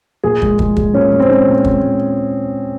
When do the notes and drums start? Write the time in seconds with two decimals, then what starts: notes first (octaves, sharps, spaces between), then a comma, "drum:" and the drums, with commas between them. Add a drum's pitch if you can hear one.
0.24 A#2 G#4
0.42 G#3, drum: kick
0.59 G#3, drum: kick
0.76 G#3, drum: kick
0.94 A#2 C#4
1.11 A#2
1.20 C4
1.29 G#3 C#4
1.47 A#2
1.64 G#3, drum: kick
1.82 G#3